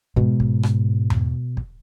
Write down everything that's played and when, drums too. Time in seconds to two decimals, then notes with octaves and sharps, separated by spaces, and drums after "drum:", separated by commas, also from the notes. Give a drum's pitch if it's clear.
0.16 G#2 B2
0.40 drum: kick
0.63 drum: rim click
1.10 drum: tom E2
1.57 drum: kick